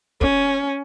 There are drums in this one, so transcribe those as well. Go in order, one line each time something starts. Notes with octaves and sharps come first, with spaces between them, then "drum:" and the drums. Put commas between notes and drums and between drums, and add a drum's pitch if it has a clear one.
C#4, drum: kick